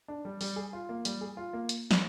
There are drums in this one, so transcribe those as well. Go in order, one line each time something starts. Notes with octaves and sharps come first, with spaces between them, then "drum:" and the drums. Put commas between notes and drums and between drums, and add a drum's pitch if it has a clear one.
D4
G3
G3, drum: open hi-hat
G#4
F4
A#3
G3, drum: hi-hat
G#4
F4
A#3
drum: hi-hat
drum: snare